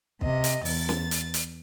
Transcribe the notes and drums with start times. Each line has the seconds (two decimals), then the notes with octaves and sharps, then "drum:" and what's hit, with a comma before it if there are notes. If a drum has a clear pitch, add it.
0.21 C3 D#5, drum: kick
0.44 drum: hi-hat
0.65 E2 A6, drum: open hi-hat
0.89 drum: snare
1.11 drum: hi-hat
1.34 drum: hi-hat